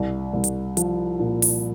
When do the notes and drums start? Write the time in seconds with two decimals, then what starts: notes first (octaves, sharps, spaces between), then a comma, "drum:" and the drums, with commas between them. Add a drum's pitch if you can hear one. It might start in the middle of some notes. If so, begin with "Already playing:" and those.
Already playing: C2
0.34 C2
0.44 drum: hi-hat
0.77 F3, drum: hi-hat
1.19 A#2
1.42 drum: open hi-hat